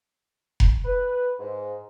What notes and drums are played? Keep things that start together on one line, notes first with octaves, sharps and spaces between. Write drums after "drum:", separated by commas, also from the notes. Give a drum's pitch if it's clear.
drum: kick F1
B4
G#2